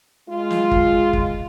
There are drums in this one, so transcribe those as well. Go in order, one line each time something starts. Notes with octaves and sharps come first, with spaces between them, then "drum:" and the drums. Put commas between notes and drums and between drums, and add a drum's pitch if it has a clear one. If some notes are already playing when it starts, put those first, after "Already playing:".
G#3 F4
drum: snare
drum: kick
drum: kick